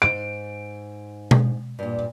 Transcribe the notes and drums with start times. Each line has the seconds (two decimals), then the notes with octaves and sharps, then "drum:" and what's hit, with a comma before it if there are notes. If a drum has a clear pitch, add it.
0.02 G#2 D7
1.31 drum: tom B2
1.79 G2 A#2